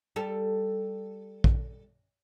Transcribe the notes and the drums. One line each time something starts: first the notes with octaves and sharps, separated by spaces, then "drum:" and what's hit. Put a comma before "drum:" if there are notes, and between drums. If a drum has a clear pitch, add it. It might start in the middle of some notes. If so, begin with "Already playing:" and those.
G3 A4
drum: kick